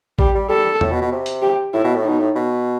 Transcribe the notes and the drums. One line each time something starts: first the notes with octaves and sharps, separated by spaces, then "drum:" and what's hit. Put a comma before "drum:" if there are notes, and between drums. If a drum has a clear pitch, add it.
G3 G4, drum: kick A1
G3
G3 A4
A2, drum: tom E2
B2
B2
C3
drum: hi-hat
G4
A2 E4
B2
A2
B2 D#4
A2
B2